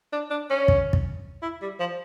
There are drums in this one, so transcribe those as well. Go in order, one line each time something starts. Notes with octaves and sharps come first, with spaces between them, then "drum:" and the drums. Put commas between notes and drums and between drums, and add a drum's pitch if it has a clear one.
D4
D4
C#4
drum: kick
drum: kick
E4
G3
F3